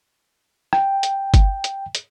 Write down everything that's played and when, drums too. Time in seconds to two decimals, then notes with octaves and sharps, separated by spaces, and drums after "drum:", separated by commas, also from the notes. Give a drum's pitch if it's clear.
0.73 G5, drum: rim click
1.03 drum: hi-hat
1.34 drum: kick G1, hi-hat
1.64 drum: hi-hat
1.95 drum: hi-hat